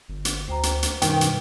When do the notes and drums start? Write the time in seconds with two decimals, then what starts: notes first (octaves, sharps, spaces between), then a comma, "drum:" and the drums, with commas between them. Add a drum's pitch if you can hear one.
0.09 G1
0.25 drum: hi-hat
0.48 D2 C5 G5 A#5
0.63 drum: hi-hat
0.83 drum: hi-hat
1.02 F#2 B2 D#3 G3 D#4 G5, drum: hi-hat
1.21 drum: hi-hat